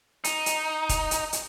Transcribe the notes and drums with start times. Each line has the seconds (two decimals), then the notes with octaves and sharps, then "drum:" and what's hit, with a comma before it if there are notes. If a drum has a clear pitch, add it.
0.24 D#4, drum: hi-hat
0.46 drum: hi-hat
0.89 drum: kick D#1, hi-hat
1.11 drum: hi-hat
1.33 drum: hi-hat